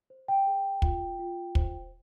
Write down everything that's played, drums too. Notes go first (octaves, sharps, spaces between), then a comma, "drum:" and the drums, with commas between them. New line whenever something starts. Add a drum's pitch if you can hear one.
C5
G5
G#4
F4, drum: kick
F4
C5, drum: kick